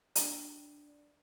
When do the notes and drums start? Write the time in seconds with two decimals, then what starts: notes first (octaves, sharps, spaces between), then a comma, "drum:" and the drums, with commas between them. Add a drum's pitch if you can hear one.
0.15 D4 D5, drum: hi-hat